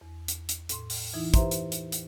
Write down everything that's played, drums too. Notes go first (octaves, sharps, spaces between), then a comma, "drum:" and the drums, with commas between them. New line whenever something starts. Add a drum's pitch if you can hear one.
E2
drum: hi-hat
drum: hi-hat
A2 C6, drum: hi-hat
drum: open hi-hat
E3 D#4 E4
G4 B4 C5 E5 A#5 C6, drum: kick, hi-hat
drum: hi-hat
drum: hi-hat
drum: hi-hat